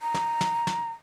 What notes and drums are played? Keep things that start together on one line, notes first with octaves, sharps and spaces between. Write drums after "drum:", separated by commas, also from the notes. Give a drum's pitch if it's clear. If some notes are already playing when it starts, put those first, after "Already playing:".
A#5
drum: snare
drum: snare
drum: snare